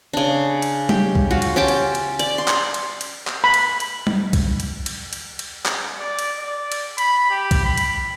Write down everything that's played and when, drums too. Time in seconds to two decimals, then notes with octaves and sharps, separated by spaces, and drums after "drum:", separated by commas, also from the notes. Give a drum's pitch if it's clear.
0.13 C#3 D4
0.62 drum: cymbal
0.89 G4, drum: tom G3
1.15 drum: kick B1
1.31 F4 F#4
1.42 drum: cymbal
1.56 C#4 G4 G5 A5
1.68 drum: cymbal
1.95 drum: cymbal
2.19 D5, drum: cymbal
2.38 C6
2.48 drum: clap
2.74 drum: cymbal
3.01 drum: cymbal
3.27 drum: clap
3.44 B5
3.54 drum: cymbal
3.80 drum: cymbal
4.07 drum: tom G3
4.33 drum: kick B1, cymbal
4.60 drum: cymbal
4.86 drum: cymbal
5.13 drum: cymbal
5.39 drum: cymbal
5.66 drum: clap
6.00 D5
6.19 drum: cymbal
6.39 D5
6.72 drum: cymbal
6.98 B5, drum: cymbal
7.30 G4
7.51 drum: kick B1, cymbal
7.65 B5
7.77 drum: cymbal